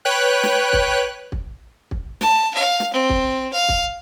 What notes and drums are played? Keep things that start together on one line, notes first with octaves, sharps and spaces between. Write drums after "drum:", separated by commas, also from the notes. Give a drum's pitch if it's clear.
B4 C#5 G5 F#6
drum: snare
drum: kick
drum: kick
drum: kick
A5, drum: snare
F5
drum: snare
C4
drum: kick
F5
drum: kick